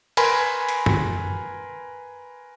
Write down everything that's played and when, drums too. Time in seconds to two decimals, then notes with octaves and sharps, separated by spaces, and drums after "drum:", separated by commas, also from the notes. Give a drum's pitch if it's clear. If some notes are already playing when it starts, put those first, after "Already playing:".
0.17 A#4 B4 G#5 B5 C6, drum: cymbal
0.69 drum: hi-hat
0.86 drum: tom F#2